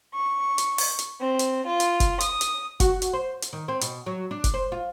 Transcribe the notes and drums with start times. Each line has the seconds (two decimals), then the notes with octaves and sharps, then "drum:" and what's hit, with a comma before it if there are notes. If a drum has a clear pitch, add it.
0.13 C#6
0.58 drum: hi-hat
0.78 drum: open hi-hat
0.99 drum: hi-hat
1.20 C4
1.39 drum: hi-hat
1.65 F4
1.80 drum: hi-hat
2.00 drum: kick F#1, hi-hat
2.20 D#6, drum: hi-hat
2.41 drum: hi-hat
2.80 F#4, drum: kick F#1, hi-hat
3.02 drum: hi-hat
3.13 C5
3.42 drum: hi-hat
3.53 D#3
3.68 C4
3.81 B2, drum: hi-hat
4.06 F#3
4.31 D4
4.44 drum: kick F#1, hi-hat
4.54 C5
4.72 F4